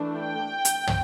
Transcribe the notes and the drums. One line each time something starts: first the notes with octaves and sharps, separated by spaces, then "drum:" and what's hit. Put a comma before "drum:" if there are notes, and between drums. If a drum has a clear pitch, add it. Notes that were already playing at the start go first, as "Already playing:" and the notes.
Already playing: E3 A3 D4
G5
drum: hi-hat
drum: tom